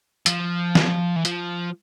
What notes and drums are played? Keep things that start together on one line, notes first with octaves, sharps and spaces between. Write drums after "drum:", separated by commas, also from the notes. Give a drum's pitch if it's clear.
F3, drum: hi-hat
drum: snare
E3
F3, drum: hi-hat